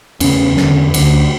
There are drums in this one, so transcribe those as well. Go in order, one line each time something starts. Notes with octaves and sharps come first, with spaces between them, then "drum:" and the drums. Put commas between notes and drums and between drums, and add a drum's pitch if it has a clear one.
E2 C#3 C#4, drum: cymbal
E2, drum: snare
D3
D2 D3, drum: cymbal